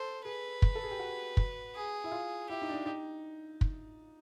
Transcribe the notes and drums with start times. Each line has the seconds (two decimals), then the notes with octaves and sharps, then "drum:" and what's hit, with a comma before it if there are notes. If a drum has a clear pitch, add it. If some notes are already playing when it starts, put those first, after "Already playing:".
Already playing: A4 C5
0.25 G#4 B4
0.62 drum: kick
0.75 A4
0.84 G#4
0.91 G4
0.99 F#4
1.37 drum: kick
1.75 G#4
2.04 E4
2.11 F4
2.49 E4 G4
2.62 D#4
2.69 D4
2.74 D#4
2.86 D#4
3.61 drum: kick